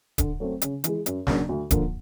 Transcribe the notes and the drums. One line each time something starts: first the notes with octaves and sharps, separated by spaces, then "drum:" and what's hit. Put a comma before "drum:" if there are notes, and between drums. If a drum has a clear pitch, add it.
D3, drum: kick D1, hi-hat
F#3 A3 C4
C#3, drum: hi-hat
E3 G#3, drum: hi-hat
F#2, drum: hi-hat
C#3 F#3 A#3 D4, drum: snare
D2
D3 F3 A#3, drum: kick D1, hi-hat